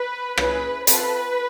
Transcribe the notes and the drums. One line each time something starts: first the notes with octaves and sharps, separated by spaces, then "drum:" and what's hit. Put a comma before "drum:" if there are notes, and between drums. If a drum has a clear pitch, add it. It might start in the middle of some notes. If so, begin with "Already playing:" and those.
Already playing: B4
C#4 E4 G#4 B4, drum: rim click
C4 F4 A4 B4, drum: hi-hat